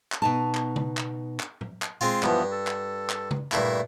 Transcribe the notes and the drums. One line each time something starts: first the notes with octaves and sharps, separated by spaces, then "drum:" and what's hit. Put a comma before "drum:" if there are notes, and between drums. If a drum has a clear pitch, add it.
drum: clap
B2 D#4 A5
drum: clap
drum: tom C#3
drum: clap
drum: clap
drum: tom A2
drum: clap
G#3 C4 F4
G2 E3 F3 B3, drum: clap
A4
drum: clap
drum: clap
drum: tom C#3
G2 A#2 A3 E4, drum: clap